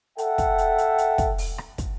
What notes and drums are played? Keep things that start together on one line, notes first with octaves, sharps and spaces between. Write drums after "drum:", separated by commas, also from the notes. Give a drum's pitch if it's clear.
A4 E5 F#5 G5, drum: hi-hat
drum: kick, hi-hat
drum: hi-hat
drum: hi-hat
drum: hi-hat
drum: kick, hi-hat
drum: open hi-hat
drum: rim click
drum: kick, hi-hat